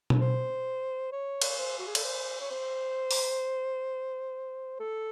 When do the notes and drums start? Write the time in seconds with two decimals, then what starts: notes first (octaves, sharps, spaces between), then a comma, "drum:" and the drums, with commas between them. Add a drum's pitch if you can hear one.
0.10 drum: tom B2
0.21 C5
1.12 C#5
1.42 drum: cymbal
1.58 C5
1.79 F#4
1.87 G#4
1.95 A4, drum: cymbal
2.05 C5
2.41 C#5
2.50 C5
3.11 drum: open hi-hat
4.79 A4